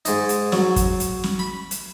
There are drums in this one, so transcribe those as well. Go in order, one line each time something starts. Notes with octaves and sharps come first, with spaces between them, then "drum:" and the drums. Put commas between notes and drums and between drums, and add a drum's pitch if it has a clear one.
G#2 D#4, drum: hi-hat
drum: hi-hat
F#3, drum: snare
drum: kick, hi-hat
drum: hi-hat
drum: snare
B5
drum: hi-hat